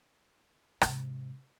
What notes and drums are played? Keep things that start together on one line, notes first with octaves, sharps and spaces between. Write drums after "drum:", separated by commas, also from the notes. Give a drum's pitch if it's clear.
G#2 C3, drum: rim click